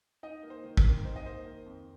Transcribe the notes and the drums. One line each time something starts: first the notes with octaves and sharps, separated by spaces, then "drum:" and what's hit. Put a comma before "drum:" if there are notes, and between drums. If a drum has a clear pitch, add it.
D#4 D#5
A#3
C5
D#3
A#4, drum: kick
F2
D#4 C5
D#5
A#3 C5
D#3
F2